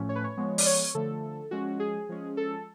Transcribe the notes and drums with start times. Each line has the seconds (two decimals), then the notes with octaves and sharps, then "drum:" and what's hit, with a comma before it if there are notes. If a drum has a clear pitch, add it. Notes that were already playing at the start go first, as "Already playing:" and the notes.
Already playing: A2 F3 A3 C#4
0.09 C#5
0.15 B4
0.24 C#5
0.37 F3 G#3 B3
0.58 D5, drum: open hi-hat
0.66 C#5
0.95 D3 F3 A3 A4
1.51 F3 G#3 C#4 F#4
1.80 G#4
2.09 F3 G#3 C#4
2.37 A4